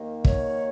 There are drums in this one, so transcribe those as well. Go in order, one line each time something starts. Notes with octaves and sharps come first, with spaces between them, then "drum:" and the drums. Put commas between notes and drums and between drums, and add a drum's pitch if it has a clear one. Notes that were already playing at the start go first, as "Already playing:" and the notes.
Already playing: D#2 D#3 A#3
C#5, drum: kick